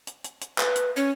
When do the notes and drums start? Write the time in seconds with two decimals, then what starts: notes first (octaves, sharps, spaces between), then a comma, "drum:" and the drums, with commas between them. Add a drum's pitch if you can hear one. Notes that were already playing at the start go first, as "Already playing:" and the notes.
0.07 drum: hi-hat
0.24 drum: hi-hat
0.41 drum: hi-hat
0.58 B4, drum: clap
0.76 drum: hi-hat
0.96 C#4 C#5